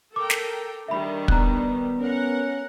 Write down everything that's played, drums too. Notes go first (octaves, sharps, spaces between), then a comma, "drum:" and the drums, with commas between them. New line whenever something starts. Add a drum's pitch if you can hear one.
A4 A#4 G5 D6
drum: snare
D#3 G3 D4 E5 B5
B3 A#5 F#6, drum: kick
C#4 A#4 F#5